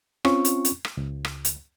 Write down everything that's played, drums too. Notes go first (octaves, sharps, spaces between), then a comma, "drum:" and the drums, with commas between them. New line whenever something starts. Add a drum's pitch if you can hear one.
C4 C#4 F4 C#6, drum: rim click
drum: hi-hat
drum: hi-hat
drum: rim click
C#2
drum: rim click
drum: hi-hat